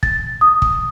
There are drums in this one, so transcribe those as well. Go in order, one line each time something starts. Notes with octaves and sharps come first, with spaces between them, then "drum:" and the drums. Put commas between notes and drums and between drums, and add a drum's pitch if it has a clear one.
A6, drum: kick
D#6
drum: kick